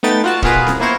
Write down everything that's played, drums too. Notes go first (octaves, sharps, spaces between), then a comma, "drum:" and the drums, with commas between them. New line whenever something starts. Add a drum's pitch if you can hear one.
A3 B3 D#4 B4 G5 A6
F4 F#4 A5
B2 B3 F4 G#4 A#4 B4, drum: kick
drum: snare C4
A#3 B3 E4 A#4 C5 C#5